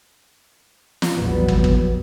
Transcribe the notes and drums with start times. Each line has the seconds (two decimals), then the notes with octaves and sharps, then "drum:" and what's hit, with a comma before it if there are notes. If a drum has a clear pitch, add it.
1.02 drum: snare
1.17 A#1 E2 F#3 G3 B3
1.48 drum: kick
1.64 drum: kick